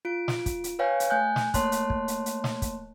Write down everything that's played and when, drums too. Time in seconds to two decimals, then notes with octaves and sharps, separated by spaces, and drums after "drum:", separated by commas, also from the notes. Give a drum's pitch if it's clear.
0.05 F4 D7
0.28 drum: snare
0.46 drum: kick, hi-hat
0.64 drum: hi-hat
0.79 B4 C#5 F5 G5 G#5
1.00 drum: hi-hat
1.10 A3 G#5 F#6 G6
1.36 drum: snare
1.54 A3 A#3 C#5 A5 C6 F#6, drum: kick, hi-hat
1.72 drum: hi-hat
1.90 drum: kick
2.08 drum: hi-hat
2.26 drum: hi-hat
2.44 drum: snare
2.62 drum: kick, hi-hat